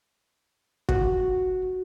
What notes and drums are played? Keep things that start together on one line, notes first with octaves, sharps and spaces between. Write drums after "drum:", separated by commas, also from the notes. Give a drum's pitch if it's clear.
F#4, drum: kick